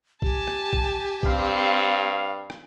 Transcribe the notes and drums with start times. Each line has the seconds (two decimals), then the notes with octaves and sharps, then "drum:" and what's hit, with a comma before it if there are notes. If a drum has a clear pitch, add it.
0.22 G4 G#5 A5, drum: kick
0.48 drum: rim click
0.73 drum: kick
1.23 G2 C4 F5, drum: kick
2.50 drum: rim click